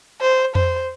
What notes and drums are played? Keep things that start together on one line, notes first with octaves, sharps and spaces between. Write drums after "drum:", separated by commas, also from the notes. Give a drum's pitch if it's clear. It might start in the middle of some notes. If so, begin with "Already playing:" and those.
C5
C5, drum: tom F2